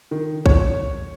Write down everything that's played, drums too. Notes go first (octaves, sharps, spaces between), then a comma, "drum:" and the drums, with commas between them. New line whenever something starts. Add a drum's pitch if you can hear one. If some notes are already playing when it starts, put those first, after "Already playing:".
D#3
C#5, drum: kick